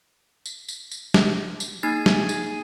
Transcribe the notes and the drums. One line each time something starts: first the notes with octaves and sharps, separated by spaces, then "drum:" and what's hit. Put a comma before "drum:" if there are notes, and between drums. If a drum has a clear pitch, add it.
drum: tambourine
drum: tambourine
drum: tambourine
drum: snare
drum: tambourine
A#3 D#4 G#4 G#5 A6
drum: snare
drum: tambourine